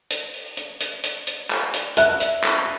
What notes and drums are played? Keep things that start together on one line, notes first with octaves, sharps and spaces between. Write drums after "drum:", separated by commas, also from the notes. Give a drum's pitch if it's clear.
drum: hi-hat
drum: open hi-hat
drum: hi-hat
drum: hi-hat
drum: hi-hat
drum: hi-hat
drum: clap
drum: hi-hat
E5 F#6, drum: hi-hat
drum: hi-hat
drum: clap